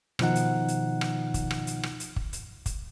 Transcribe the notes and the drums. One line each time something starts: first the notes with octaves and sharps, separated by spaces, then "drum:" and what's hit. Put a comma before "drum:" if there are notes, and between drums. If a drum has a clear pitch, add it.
B2 D#3 F3 D#4 F#5, drum: rim click
drum: hi-hat
drum: hi-hat
drum: rim click
drum: kick, hi-hat
drum: rim click
drum: hi-hat
drum: rim click
drum: hi-hat
drum: kick
drum: hi-hat
drum: kick, hi-hat